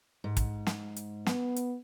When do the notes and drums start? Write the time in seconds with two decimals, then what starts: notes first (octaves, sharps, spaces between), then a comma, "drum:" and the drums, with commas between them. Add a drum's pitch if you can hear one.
0.24 G#2
0.37 drum: kick, hi-hat
0.67 drum: snare
0.96 drum: hi-hat
1.26 B3, drum: snare
1.56 drum: hi-hat